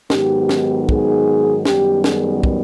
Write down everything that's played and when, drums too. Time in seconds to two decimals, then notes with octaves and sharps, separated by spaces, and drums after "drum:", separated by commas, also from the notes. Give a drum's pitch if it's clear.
0.10 G#2 D#3 F#3 B3 G4, drum: snare
0.49 drum: snare
0.89 G#4, drum: kick
1.65 F#2 D#3 G3 B3 G4, drum: snare
2.04 G#4, drum: snare
2.43 drum: kick